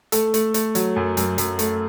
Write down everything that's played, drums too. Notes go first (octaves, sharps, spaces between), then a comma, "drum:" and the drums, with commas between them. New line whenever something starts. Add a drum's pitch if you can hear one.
A3 A4, drum: hi-hat
A3, drum: hi-hat
A3, drum: hi-hat
F#3, drum: hi-hat
F#2
F#2, drum: hi-hat
F#2, drum: hi-hat
A3, drum: hi-hat